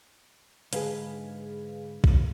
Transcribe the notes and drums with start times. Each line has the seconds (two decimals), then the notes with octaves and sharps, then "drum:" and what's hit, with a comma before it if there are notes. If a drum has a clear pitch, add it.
0.73 G#2 D3 G#4 B4 F5, drum: hi-hat
2.04 drum: kick A#1